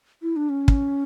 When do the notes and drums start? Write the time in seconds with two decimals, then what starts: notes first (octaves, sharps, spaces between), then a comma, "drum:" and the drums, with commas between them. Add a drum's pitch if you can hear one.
0.22 E4
0.36 D4
0.49 C#4
0.68 drum: kick